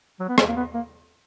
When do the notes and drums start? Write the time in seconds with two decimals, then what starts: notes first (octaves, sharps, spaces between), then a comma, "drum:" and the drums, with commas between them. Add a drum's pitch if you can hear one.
0.20 F#3
0.28 B3
0.38 G#3, drum: rim click
0.47 A#3
0.56 B3
0.74 A#3